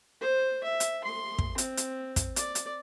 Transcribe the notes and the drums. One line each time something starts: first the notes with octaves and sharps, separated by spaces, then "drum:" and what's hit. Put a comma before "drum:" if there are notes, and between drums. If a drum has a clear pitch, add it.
C5
E5
drum: hi-hat
C6
drum: kick
C4, drum: hi-hat
drum: hi-hat
drum: kick, hi-hat
D5, drum: hi-hat
drum: hi-hat